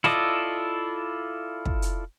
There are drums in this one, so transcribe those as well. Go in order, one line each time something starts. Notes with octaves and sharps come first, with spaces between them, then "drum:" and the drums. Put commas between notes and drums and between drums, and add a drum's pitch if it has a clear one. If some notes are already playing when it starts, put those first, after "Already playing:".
E4 F4 A4 D5 D#5, drum: snare
drum: kick
drum: hi-hat